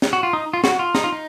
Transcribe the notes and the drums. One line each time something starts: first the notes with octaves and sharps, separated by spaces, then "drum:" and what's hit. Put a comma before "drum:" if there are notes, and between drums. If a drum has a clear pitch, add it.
drum: snare
F#4
F4
D#4
F4
F#4, drum: snare
F4
D#4, drum: snare
F4
D#4